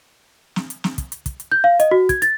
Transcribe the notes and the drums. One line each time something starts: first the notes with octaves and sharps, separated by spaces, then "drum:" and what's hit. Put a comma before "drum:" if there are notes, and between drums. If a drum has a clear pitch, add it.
drum: snare
drum: hi-hat
drum: snare
drum: kick, hi-hat
drum: hi-hat
drum: kick, hi-hat
drum: hi-hat
G6
F5
D#5, drum: hi-hat
F#4
G#6, drum: kick, hi-hat
A6, drum: hi-hat